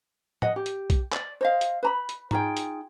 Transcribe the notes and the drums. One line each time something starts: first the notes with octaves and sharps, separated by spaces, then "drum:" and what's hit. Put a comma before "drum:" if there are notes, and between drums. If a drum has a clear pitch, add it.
D#5 F#5, drum: tom A2
G4
drum: hi-hat
drum: kick B1, hi-hat
D5, drum: clap
C5 D#5 F5
drum: hi-hat
B4 A#5 B5
drum: hi-hat
D#4 F4 G#4 G5, drum: tom G#2
drum: hi-hat